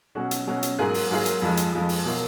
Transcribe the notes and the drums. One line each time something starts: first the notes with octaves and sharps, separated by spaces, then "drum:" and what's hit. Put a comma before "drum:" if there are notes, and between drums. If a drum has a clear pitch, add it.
B2 F#3 C#4 F#4
drum: hi-hat
B2 F#3 C#4 F#4
drum: hi-hat
G#2 F#3 A#3 F4 G#4
drum: open hi-hat
G#2 F#3 A#3 F4 G#4
drum: hi-hat
F2 F3 G#3
drum: hi-hat
F2 F3 G#3
drum: open hi-hat
B2 F#3 A#3 F4